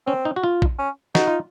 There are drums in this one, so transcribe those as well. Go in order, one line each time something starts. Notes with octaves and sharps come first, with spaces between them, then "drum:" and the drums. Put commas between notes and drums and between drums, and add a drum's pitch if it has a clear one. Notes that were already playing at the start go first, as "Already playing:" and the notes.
C4 C#4
D#4
F#4
F4
drum: kick A#1
C#4
D#4 F#4, drum: snare
F4